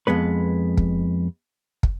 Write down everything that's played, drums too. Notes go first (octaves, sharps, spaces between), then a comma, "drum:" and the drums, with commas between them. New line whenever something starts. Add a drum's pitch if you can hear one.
F2 G#3 B3 B4
drum: kick
drum: kick